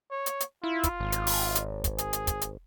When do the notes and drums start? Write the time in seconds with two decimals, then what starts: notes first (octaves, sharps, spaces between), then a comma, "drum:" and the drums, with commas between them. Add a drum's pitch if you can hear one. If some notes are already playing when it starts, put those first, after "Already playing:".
0.11 C#5
0.26 drum: hi-hat
0.40 drum: hi-hat
0.64 E4 F4
0.84 drum: kick, hi-hat
1.00 G#1
1.12 drum: hi-hat
1.27 drum: open hi-hat
1.55 drum: hi-hat
1.84 drum: kick, hi-hat
1.98 G#4, drum: hi-hat
2.13 drum: hi-hat
2.27 drum: kick, hi-hat
2.41 drum: hi-hat